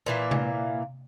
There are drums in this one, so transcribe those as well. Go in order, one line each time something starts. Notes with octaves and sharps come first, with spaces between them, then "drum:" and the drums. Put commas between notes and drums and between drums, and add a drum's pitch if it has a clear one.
A#2 E3 A#3
drum: tom C3